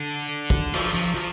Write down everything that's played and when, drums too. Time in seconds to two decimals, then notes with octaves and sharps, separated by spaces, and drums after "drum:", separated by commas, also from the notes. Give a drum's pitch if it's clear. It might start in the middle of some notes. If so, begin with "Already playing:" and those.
Already playing: D3
0.50 drum: kick
0.74 F3, drum: cymbal
0.94 F3
1.14 F3